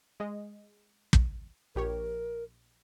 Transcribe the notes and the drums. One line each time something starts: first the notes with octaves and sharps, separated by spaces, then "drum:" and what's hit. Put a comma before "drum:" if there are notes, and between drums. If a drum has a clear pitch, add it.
G#3 D#5
drum: kick
A#1 G4 A#4 C#5